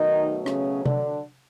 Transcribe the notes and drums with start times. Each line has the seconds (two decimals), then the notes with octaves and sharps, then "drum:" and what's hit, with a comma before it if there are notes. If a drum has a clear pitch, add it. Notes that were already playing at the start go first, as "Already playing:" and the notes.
Already playing: B2 D#3 F#3 A3 D#4
0.46 C#3 C#4, drum: rim click
0.86 D3 D4, drum: tom C3